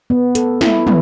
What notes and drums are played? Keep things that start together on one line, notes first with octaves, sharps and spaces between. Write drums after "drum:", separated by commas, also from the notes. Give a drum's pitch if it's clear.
B3
A4, drum: hi-hat
E4, drum: snare
B3, drum: tom